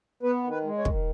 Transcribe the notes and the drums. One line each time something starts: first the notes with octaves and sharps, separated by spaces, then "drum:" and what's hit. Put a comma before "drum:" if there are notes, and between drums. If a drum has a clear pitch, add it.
B3 B4
D#3
B4
G#3
C#5
D#3, drum: kick